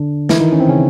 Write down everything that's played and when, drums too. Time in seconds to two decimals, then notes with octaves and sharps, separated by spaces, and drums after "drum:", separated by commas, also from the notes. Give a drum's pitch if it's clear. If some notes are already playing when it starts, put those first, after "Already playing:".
Already playing: D3 D4
0.29 E3 E4, drum: snare
0.40 D#3 D#4
0.52 C#4
0.60 C4
0.68 C#3 C#4